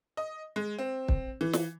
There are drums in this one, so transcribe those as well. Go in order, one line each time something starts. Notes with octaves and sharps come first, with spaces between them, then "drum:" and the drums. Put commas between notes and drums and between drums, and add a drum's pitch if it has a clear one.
D#5
G#3
C4
drum: kick
E3
drum: snare